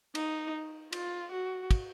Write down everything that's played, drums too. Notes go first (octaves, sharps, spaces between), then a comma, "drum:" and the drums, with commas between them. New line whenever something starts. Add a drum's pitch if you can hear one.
D#4, drum: cymbal
F4, drum: cymbal
F#4
drum: kick, cymbal